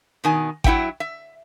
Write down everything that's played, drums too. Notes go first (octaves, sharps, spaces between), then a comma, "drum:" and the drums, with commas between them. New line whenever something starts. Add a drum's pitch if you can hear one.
B2 D#3 G#5
F#3 E4 E5 F#5 G5, drum: kick G#1
E5